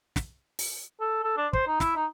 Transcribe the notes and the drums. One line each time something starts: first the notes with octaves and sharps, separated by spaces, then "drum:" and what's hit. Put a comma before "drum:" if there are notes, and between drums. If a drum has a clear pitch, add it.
drum: snare
drum: open hi-hat
A4
A4
D4
C5, drum: kick
D#4
E4, drum: snare
D#4